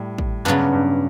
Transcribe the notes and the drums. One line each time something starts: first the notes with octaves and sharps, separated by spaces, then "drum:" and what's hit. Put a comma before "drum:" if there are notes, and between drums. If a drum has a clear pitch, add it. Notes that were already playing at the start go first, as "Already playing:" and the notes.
Already playing: A2 G3
drum: kick
G2 C#3 F#3 B3 D4
G2